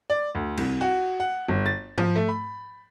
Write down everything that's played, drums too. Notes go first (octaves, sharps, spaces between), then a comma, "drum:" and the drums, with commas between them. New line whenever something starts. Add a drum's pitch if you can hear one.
D5
D2
C2, drum: cymbal
F#4
F#5
G1
A6
F3, drum: tom G#2
A3
B5